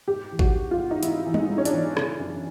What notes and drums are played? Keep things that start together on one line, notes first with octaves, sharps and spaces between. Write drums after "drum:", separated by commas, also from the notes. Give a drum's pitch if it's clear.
G#2 G4
E3
F#4, drum: kick G#1
G#2
F4
G#2
D#4
G#2 E4, drum: hi-hat
E3
D#4, drum: tom G3
G#2
C#4
D4, drum: hi-hat
E3
C#3, drum: rim click
F#2